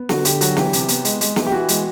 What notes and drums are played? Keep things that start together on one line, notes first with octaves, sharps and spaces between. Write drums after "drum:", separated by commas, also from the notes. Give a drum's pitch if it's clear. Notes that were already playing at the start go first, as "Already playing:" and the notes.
Already playing: B3
D3 F#4, drum: snare
D3 G4, drum: hi-hat
F#3 F#4, drum: hi-hat
E3 G4, drum: snare
C3, drum: hi-hat
B3, drum: hi-hat
G#3, drum: hi-hat
G#3, drum: hi-hat
E3, drum: snare
G4
E3 F#4
G#3, drum: hi-hat